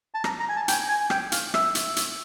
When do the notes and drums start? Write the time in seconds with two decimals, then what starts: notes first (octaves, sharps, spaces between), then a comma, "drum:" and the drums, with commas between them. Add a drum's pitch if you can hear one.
0.14 A5
0.24 A#5, drum: rim click
0.40 A#5
0.49 G#5
0.56 A5
0.68 G5, drum: hi-hat
0.72 G#5
0.88 G#5
1.10 G5, drum: rim click
1.32 F5, drum: hi-hat
1.54 E5, drum: rim click
1.75 drum: hi-hat
1.96 drum: hi-hat